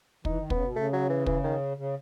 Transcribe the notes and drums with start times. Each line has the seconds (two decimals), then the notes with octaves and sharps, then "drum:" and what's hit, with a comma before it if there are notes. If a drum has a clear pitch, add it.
0.25 E3 D#4, drum: kick
0.39 D#3
0.50 C#3 B3, drum: kick
0.63 B2
0.76 C#3 A3
0.93 F#3
1.09 E3
1.26 E3, drum: kick
1.44 D#3
1.77 C#3